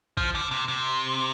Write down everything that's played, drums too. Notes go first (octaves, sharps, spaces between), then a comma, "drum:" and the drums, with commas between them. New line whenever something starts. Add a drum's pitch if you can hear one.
F3, drum: kick
D3
C3
C3